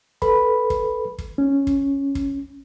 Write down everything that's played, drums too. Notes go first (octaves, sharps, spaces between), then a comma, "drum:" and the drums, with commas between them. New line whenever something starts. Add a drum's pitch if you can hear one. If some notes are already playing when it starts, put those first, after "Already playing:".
A4 B4 B5, drum: kick
drum: kick
drum: kick
C#4
drum: kick
drum: kick